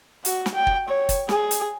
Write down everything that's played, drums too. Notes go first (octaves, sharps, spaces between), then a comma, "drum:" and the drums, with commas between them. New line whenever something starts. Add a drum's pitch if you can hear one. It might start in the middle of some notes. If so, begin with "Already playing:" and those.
F#4, drum: hi-hat
drum: snare
G5
drum: kick
C#5
drum: kick, hi-hat
G#4, drum: snare
drum: hi-hat